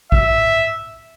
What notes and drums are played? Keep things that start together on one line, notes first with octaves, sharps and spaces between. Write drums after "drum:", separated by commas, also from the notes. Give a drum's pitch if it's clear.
E5, drum: kick A1